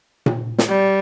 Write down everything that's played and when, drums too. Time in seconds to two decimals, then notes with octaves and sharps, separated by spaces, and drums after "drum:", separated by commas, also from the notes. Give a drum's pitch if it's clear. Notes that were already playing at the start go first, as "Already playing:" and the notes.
0.26 drum: tom A#2
0.58 drum: snare
0.69 G3